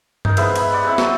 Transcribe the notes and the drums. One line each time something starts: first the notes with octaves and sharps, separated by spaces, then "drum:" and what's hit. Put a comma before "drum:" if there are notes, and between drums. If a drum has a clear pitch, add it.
D#4 A#4, drum: tom G2
G#3 B3 E4 C5, drum: cymbal
D#5 B5, drum: cymbal
D5 F#5
G#3 C4 E4
F#3, drum: snare